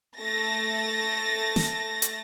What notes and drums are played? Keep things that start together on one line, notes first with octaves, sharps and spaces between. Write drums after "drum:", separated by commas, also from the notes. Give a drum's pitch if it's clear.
A3 A6 A#6
drum: snare
drum: hi-hat